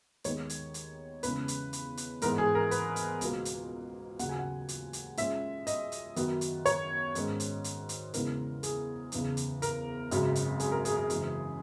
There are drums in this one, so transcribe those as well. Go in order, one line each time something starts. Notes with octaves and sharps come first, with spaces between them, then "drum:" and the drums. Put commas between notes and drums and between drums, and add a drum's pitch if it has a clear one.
D#2 D#3 G#3 B3 D#4 C#5, drum: hi-hat
drum: hi-hat
drum: hi-hat
E2 C#3 G#3 C#4 B4, drum: hi-hat
drum: hi-hat
drum: hi-hat
drum: hi-hat
G#2 E3 G#3 B3 D#4 A#4, drum: hi-hat
G#4
A#4
B4, drum: hi-hat
drum: hi-hat
C#2 B2 A#3, drum: hi-hat
drum: hi-hat
D#2 C#3 F#3 F#5, drum: hi-hat
G#5
F#5
drum: hi-hat
drum: hi-hat
A#2 G#3 C#4 E5, drum: hi-hat
D#5, drum: hi-hat
drum: hi-hat
F#2 D#3 F#3 B3, drum: hi-hat
drum: hi-hat
C#5, drum: hi-hat
G#2 D#3 G#3 C#4, drum: hi-hat
drum: hi-hat
drum: hi-hat
drum: hi-hat
E2 C#3 G#3 B3 E4 A#4, drum: hi-hat
G#4, drum: hi-hat
F#1 E2 C#3, drum: hi-hat
drum: hi-hat
A#4, drum: hi-hat
G#1 F#2 C#3 F#3, drum: hi-hat
drum: hi-hat
G#4, drum: hi-hat
A#4
G#4, drum: hi-hat
G#4
F#1 F#2 C#3 E3 G#3, drum: hi-hat